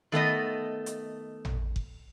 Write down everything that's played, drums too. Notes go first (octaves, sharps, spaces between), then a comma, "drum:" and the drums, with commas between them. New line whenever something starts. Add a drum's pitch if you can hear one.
D#3 A3 B3 D#5
drum: hi-hat
drum: tom
drum: kick F#1